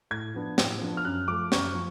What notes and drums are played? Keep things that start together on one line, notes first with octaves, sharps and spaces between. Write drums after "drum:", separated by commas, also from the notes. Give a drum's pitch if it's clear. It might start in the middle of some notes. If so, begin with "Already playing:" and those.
A2 G#6
F3 B3 D4
A2, drum: snare
F3 B3 D4
F6
F#2 F#6
F3 A3 D6
F#2 C#6, drum: snare
F3